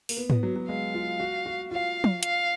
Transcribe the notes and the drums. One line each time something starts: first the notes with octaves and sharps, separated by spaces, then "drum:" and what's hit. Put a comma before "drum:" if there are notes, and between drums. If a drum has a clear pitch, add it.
A#3, drum: open hi-hat
B3
B3, drum: tom G#2
F#3
F#3
G#3 F5
F4
F#4
F#4
F4 F5
drum: tom
F5, drum: hi-hat